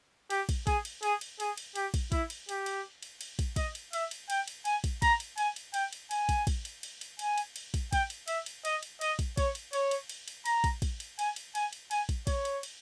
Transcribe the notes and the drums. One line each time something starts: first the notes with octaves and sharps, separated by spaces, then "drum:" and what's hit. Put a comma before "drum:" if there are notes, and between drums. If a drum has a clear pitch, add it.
G4, drum: cymbal
drum: kick, cymbal
G#4, drum: kick, cymbal
drum: cymbal
G#4, drum: cymbal
drum: cymbal
G#4, drum: cymbal
drum: cymbal
G4, drum: cymbal
drum: kick, cymbal
E4, drum: kick, cymbal
drum: cymbal
G4, drum: cymbal
drum: cymbal
drum: cymbal
drum: cymbal
drum: kick, cymbal
D#5, drum: kick, cymbal
drum: cymbal
E5, drum: cymbal
drum: cymbal
G5, drum: cymbal
drum: cymbal
G#5, drum: cymbal
drum: kick, cymbal
A#5, drum: kick, cymbal
drum: cymbal
G#5, drum: cymbal
drum: cymbal
G5, drum: cymbal
drum: cymbal
G#5, drum: cymbal
drum: kick, cymbal
drum: kick, cymbal
drum: cymbal
drum: cymbal
drum: cymbal
G#5, drum: cymbal
drum: cymbal
drum: cymbal
drum: kick, cymbal
G5, drum: kick, cymbal
drum: cymbal
E5, drum: cymbal
drum: cymbal
D#5, drum: cymbal
drum: cymbal
D#5, drum: cymbal
drum: kick, cymbal
C#5, drum: kick, cymbal
drum: cymbal
C#5, drum: cymbal
drum: cymbal
drum: cymbal
drum: cymbal
A#5, drum: cymbal
drum: kick, cymbal
drum: kick, cymbal
drum: cymbal
G#5, drum: cymbal
drum: cymbal
G#5, drum: cymbal
drum: cymbal
G#5, drum: cymbal
drum: kick, cymbal
C#5, drum: kick, cymbal
drum: cymbal
drum: cymbal